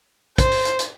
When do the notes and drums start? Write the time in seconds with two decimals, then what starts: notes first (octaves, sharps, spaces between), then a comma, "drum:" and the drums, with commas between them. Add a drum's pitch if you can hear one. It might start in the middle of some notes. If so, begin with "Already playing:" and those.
0.38 C5, drum: kick, hi-hat
0.51 drum: open hi-hat
0.65 drum: hi-hat
0.79 drum: hi-hat